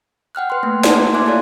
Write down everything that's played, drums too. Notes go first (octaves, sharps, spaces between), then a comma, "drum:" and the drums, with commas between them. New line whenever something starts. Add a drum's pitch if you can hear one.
F#5 G5 F6 F#6
B4 C6
A3 A#3
D5 F#5 G#5 A5 C6, drum: snare
A#3 E5 C6 D6 F#6 G#6
E4 F4 A4 C#5 D5 F5